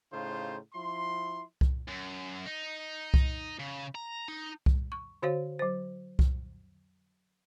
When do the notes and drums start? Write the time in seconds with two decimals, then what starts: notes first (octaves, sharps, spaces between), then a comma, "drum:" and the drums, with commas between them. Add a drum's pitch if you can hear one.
0.12 A2 C#3 D#4 F4 C5
0.74 F3 E4 C6
1.61 drum: kick C2
1.88 F#2
2.46 D#4
3.14 drum: kick C2
3.59 C#3
3.95 A#5
4.28 D#4
4.66 drum: kick C2
4.92 C#6
5.22 D3 F#4 C5 C#5 F5
5.59 F#3 C5
6.19 drum: kick C2